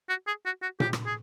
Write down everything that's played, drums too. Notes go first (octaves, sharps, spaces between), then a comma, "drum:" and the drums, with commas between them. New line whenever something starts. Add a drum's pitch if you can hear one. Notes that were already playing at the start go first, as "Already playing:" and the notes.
F#4
G#4
F#4
F#4
G4, drum: tom A#2
drum: rim click
G#4